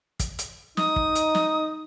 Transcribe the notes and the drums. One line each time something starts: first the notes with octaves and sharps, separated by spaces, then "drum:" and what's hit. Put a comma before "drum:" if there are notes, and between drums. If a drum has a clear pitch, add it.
drum: kick, hi-hat
drum: hi-hat
D#4 D#6, drum: snare
drum: kick
drum: hi-hat
drum: snare